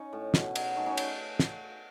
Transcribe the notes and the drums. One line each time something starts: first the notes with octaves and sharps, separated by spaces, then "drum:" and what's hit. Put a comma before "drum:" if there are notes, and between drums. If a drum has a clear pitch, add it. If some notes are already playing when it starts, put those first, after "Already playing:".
Already playing: C#4 D#4
A2
B2, drum: snare
F#3, drum: cymbal
A3 C#4 D#4
C#4 D#4
drum: cymbal
drum: snare